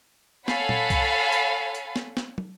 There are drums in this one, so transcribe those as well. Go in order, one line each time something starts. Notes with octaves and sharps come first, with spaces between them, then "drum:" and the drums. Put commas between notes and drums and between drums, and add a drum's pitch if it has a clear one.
A4 C#5 F5 F#5 G#5 B5, drum: snare
drum: tom A#2
drum: kick C2, hi-hat
drum: hi-hat
drum: hi-hat
drum: snare
drum: snare
drum: tom